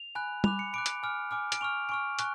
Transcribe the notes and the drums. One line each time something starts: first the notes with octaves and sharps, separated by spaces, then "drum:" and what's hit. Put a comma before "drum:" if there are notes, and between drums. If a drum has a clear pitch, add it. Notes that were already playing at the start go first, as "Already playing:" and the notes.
Already playing: F7
G#5 B5 F#6
B5 D6 F#6 F7, drum: tom
C#7
B5 D6 F#6 D7
drum: hi-hat
G#5 D6 F6
G#5 D6 F6
D7, drum: hi-hat
G#5 C#6 F6 F7
G#5 C#6 F6 D7
G#5 C#6 F#6, drum: hi-hat